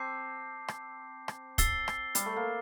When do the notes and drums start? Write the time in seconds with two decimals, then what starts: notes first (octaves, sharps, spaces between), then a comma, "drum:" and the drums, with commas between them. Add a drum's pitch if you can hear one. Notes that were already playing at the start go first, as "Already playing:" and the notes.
Already playing: C4 A5 D6 G6 C7
0.68 drum: rim click
1.28 drum: rim click
1.58 E6 A6 C7 G7, drum: kick, hi-hat
1.88 drum: rim click
2.15 G3, drum: hi-hat
2.26 A3
2.36 A#3